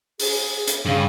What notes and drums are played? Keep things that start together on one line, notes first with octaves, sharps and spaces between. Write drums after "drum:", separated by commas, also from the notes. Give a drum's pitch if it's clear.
G#4, drum: open hi-hat
drum: hi-hat
G2 C#3